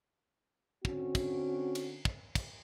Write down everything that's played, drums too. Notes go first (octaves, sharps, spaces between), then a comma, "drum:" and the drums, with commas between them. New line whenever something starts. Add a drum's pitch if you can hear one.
D3 C4 C#4 F#4, drum: kick
drum: kick, cymbal
drum: cymbal
drum: kick
drum: kick, cymbal